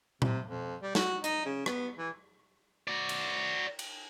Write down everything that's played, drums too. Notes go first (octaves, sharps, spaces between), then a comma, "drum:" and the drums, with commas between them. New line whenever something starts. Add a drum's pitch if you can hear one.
C3, drum: tom A#2
F2
G3
F#4, drum: snare
D#4, drum: hi-hat
C#3
B3, drum: rim click
E3
F#4 D5
drum: cymbal
drum: cymbal